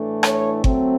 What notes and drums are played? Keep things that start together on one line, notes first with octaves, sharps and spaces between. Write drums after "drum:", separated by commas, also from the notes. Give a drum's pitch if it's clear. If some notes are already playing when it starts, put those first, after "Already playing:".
Already playing: A2 E3 A3 D4
C#5, drum: rim click
F#3 A3 C4, drum: kick G1